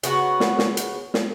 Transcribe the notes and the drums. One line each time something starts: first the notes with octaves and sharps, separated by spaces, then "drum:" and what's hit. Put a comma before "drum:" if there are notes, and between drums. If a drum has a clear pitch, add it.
C#3 B3 F#4 B4, drum: hi-hat
drum: snare
drum: snare
drum: hi-hat
drum: snare